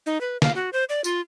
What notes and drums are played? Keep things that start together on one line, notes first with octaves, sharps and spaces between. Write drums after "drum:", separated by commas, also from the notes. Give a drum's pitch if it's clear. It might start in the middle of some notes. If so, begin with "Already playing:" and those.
D#4
B4
F5, drum: snare
F#4
C5
D5
F4, drum: tambourine